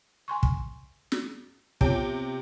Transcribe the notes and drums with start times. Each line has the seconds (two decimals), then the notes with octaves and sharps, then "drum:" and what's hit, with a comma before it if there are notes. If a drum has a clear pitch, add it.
0.28 G#5 C6 C#6
0.43 drum: kick
1.12 drum: snare
1.81 C3 B3 F4 C#5 G5, drum: kick